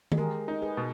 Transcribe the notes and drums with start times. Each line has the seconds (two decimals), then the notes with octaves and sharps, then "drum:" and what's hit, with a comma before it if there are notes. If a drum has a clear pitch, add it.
0.12 G#4, drum: tom D#3
0.18 G#3 G4 A#4
0.48 D#4
0.62 G#4 B4
0.77 B2